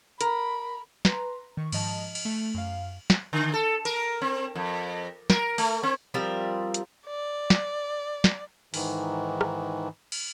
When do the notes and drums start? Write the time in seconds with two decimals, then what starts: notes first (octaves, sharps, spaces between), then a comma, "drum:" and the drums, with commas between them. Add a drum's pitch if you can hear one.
0.21 A#4 B5, drum: hi-hat
1.05 B4 A#5 C6, drum: snare
1.57 D#3 C#6
1.72 G#2 F3 D#5 A5, drum: cymbal
2.15 drum: cymbal
2.25 A3
2.54 F#2 F5
3.10 drum: snare
3.33 D3
3.54 A4
3.85 A#4, drum: cymbal
4.22 C4
4.55 F2
5.30 A#4, drum: snare
5.58 A3, drum: open hi-hat
5.83 C4
6.14 F3 G3 C4 A#4
6.74 drum: hi-hat
7.06 D5
7.50 drum: snare
8.24 drum: snare
8.74 G#2 D#3 E3, drum: open hi-hat
9.41 drum: rim click
10.12 drum: cymbal